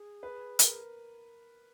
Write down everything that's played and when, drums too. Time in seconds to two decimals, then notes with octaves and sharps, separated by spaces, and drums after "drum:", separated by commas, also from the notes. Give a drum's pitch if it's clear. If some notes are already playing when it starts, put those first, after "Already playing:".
Already playing: G#4
0.23 B4
0.59 A#4, drum: hi-hat